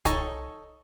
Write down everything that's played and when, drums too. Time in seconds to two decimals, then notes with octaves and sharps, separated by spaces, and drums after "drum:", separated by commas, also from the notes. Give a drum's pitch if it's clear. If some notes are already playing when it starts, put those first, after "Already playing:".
0.05 D#4 A4 C#5 D#5, drum: kick C2, hi-hat